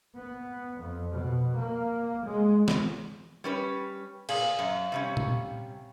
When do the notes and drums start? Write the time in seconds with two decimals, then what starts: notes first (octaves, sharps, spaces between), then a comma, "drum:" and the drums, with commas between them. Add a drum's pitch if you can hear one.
0.17 B3
0.78 F2
1.12 B2
1.55 A#3
2.26 G#3
2.68 drum: snare
3.44 G3 C#4 B4
4.29 A#2 G#4 F5 F#7, drum: cymbal
4.59 F#2
4.92 C3 G3 C#4
5.17 drum: tom A#2